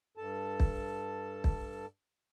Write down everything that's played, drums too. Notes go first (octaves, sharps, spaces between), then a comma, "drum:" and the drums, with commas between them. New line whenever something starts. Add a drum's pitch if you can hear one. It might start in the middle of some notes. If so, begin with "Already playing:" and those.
G2 A4 A5
drum: kick
drum: kick